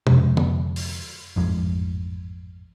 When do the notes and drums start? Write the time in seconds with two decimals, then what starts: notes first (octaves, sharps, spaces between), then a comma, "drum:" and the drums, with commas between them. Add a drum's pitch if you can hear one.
0.07 F2 C3 F3 G#3, drum: tom
0.37 drum: tom
0.76 drum: open hi-hat
1.36 A1 F2 G#2 F3